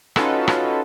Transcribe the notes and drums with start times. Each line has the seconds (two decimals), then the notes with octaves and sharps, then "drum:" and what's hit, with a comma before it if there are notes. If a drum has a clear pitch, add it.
0.16 C#4 D#4 F4 F#4 A4 B4, drum: rim click
0.48 drum: rim click